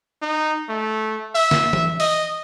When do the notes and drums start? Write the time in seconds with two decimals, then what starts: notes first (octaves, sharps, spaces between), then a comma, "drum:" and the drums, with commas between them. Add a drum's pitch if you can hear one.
0.22 D#4
0.69 A3
1.35 E5, drum: open hi-hat
1.51 drum: snare
1.73 drum: tom E3
2.00 D#5, drum: open hi-hat